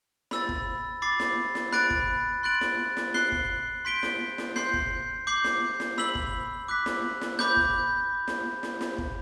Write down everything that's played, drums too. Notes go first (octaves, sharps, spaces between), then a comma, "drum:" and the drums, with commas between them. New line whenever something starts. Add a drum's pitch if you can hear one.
B5 E6 A6, drum: snare
drum: kick
B5 D6 A6 C7
drum: snare
drum: snare
B5 F#6 A6 D7, drum: snare
drum: kick
C6 F#6 A6 D7 F#7
drum: snare
drum: snare
F#6 C7 G7, drum: snare
drum: kick
C6 G6 B6 D7 G7
drum: snare
drum: snare
C6 G6 C7, drum: snare
drum: kick
D6 G6 C7 F#7
drum: snare
drum: snare
B5 E6 B6 F#7, drum: snare
drum: kick
D6 F#6 B6
drum: snare
drum: snare
B5 D6 G6, drum: snare
drum: kick
drum: snare
drum: snare
drum: snare
drum: kick